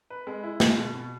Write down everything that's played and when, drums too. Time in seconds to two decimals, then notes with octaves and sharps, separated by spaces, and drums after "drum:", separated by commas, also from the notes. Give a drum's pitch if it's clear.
0.10 B4
0.27 G#3
0.43 E4
0.60 G#3, drum: snare
0.77 B2
0.94 B2